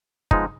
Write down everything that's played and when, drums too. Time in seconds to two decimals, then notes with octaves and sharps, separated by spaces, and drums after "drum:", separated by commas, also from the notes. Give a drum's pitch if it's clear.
0.31 F3 G#3 B3 D#4, drum: kick